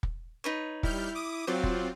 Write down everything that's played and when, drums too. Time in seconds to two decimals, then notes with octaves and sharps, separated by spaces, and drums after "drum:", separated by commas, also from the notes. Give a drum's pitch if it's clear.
0.03 drum: kick
0.44 D#4 B4 C#5
0.83 G3 E4 F6 G6, drum: kick
1.15 D6 D#6
1.47 F#3 C4 F4 C5 D5
1.64 drum: kick